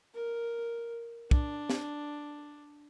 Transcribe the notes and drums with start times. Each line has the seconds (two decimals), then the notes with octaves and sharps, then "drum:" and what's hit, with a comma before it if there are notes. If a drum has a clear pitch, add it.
0.15 A#4
1.31 D4, drum: kick
1.70 drum: snare